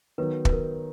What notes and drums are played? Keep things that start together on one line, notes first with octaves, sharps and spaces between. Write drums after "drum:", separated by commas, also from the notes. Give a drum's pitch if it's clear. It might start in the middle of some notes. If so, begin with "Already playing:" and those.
D#3 F#3 B3 D#4 F#4 B4
B4, drum: kick
A#4